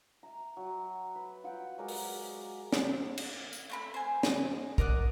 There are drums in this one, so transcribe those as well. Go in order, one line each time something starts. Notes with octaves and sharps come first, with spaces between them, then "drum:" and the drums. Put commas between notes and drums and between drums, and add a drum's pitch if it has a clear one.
E5 A#5
F#3
B4
F4 F#5 G5
F#3 G#3 A#4 D5
drum: open hi-hat
drum: snare
drum: cymbal
drum: tambourine
A3 C4 B5
C5 G#5
D#5, drum: snare
A#4 D5 D#5 F#5, drum: kick